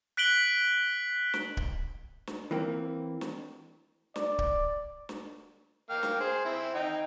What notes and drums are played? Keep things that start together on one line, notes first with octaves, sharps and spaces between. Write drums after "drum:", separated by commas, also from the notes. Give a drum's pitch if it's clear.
F#6 B6 D7 F#7 G7
drum: snare
drum: kick D1
drum: snare
E3 A#3 C4
drum: snare
D5, drum: snare
drum: kick D1
drum: snare
A#3 G5 F6
drum: snare
G#4 C5
C4 E4
D#4 G5